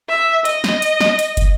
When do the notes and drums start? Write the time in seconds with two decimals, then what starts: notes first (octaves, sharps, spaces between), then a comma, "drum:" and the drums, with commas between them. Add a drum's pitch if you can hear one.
0.09 E5
0.45 D#5, drum: hi-hat
0.64 drum: snare
0.82 drum: hi-hat
1.01 drum: snare
1.19 drum: hi-hat
1.37 drum: kick, hi-hat